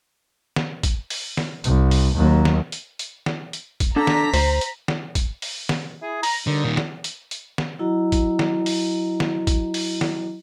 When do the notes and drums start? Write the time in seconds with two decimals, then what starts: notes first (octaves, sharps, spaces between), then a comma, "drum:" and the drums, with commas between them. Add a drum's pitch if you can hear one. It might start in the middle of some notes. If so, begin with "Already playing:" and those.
0.56 drum: snare
0.83 drum: kick, hi-hat
1.10 drum: open hi-hat
1.37 drum: snare
1.64 C2, drum: hi-hat
1.91 drum: open hi-hat
2.15 D#2 F#3
2.45 drum: snare
2.72 drum: hi-hat
2.99 drum: hi-hat
3.26 drum: snare
3.53 drum: hi-hat
3.80 drum: kick, hi-hat
3.96 D4 A4 A#5 B6
4.07 drum: snare
4.34 D2 C5, drum: open hi-hat
4.61 drum: hi-hat
4.88 drum: snare
5.15 drum: kick, hi-hat
5.42 drum: open hi-hat
5.69 drum: snare
6.02 E4 G#4
6.23 A#5, drum: open hi-hat
6.47 D#2 D3 G3 D#4
6.64 A#2 D#3
6.77 drum: snare
7.04 drum: hi-hat
7.31 drum: hi-hat
7.58 drum: snare
7.79 F#3 E4 F#4 D#5 A#5
8.12 drum: kick, hi-hat
8.39 drum: snare
8.66 drum: open hi-hat
9.20 drum: snare
9.47 drum: kick, hi-hat
9.74 drum: open hi-hat
10.01 drum: snare